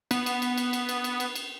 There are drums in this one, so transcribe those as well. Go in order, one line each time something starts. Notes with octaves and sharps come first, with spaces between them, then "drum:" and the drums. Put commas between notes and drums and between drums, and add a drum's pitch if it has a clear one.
B3, drum: cymbal
drum: cymbal
drum: cymbal
drum: cymbal
drum: cymbal
drum: cymbal
drum: cymbal
drum: cymbal
drum: cymbal